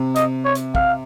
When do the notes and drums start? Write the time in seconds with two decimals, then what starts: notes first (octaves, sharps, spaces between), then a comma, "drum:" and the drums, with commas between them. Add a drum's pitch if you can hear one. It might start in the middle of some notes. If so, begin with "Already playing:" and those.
Already playing: C3
0.15 D#5, drum: hi-hat
0.45 C#5
0.55 drum: hi-hat
0.75 F5, drum: kick